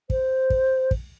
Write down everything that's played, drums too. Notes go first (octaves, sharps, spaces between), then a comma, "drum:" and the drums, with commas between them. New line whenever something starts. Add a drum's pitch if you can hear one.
C5, drum: kick
drum: kick
drum: kick